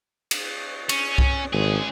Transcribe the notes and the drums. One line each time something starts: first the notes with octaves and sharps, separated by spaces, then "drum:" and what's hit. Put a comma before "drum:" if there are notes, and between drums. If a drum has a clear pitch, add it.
drum: cymbal
C#4, drum: cymbal
drum: kick C2
G#1 C#2 G#4